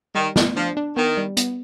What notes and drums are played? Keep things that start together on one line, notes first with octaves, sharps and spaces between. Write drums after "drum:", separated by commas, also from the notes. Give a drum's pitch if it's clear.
D#3 G3
B3, drum: snare
F3 D4
D4
D#3 B3
G3
B3, drum: hi-hat